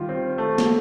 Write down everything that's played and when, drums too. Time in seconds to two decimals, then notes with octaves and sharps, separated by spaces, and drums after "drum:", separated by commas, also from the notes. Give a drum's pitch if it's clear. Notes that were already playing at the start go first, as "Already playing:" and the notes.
Already playing: D#3 G3 F4
0.09 C4
0.38 A3
0.58 drum: snare